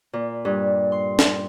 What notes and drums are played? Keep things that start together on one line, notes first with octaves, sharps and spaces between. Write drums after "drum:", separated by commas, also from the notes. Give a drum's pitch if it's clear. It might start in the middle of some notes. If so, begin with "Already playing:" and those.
A#2
G2
C6
drum: snare